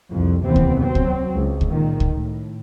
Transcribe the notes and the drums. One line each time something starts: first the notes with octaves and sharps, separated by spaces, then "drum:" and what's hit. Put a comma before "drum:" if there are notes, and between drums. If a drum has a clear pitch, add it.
C2 F2
D#2 C3 E3 B3 C4
drum: kick C#2
F#3 C4
drum: kick C#2
C#2
drum: kick C#2
A#2 D#3
drum: kick C#2
A2